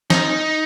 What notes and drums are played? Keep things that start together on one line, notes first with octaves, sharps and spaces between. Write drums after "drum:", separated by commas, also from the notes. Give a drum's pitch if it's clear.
D#4, drum: snare